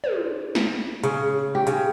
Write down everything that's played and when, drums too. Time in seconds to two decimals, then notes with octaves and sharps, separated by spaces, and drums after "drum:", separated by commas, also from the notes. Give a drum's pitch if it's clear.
0.04 drum: tom
0.55 drum: snare
1.03 C#3, drum: hi-hat
1.55 G4
1.67 C#3, drum: hi-hat